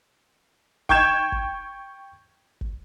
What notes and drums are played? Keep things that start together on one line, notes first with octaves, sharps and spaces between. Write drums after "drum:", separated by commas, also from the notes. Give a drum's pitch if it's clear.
G5 C#6 G6 G#6 E7, drum: kick
drum: kick
drum: kick